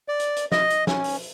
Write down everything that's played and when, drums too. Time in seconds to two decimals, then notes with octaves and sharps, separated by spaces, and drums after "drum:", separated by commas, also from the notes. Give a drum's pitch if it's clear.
0.08 D5
0.20 drum: hi-hat
0.36 drum: hi-hat
0.52 D#5, drum: snare
0.70 drum: hi-hat
0.87 C#4, drum: snare
1.04 drum: open hi-hat